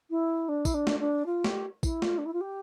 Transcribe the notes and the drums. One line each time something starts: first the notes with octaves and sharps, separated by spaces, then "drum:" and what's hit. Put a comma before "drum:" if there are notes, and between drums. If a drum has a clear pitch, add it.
E4
D4
E4, drum: kick, tambourine
D4
drum: snare
D4
F4
G4, drum: snare
E4, drum: kick, tambourine
F4, drum: snare
D4
E4
F4
G4